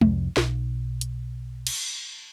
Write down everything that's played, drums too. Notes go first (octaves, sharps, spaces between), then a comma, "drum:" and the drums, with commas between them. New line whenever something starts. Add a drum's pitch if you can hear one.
C2 F2, drum: tom
B1, drum: snare
drum: hi-hat
drum: cymbal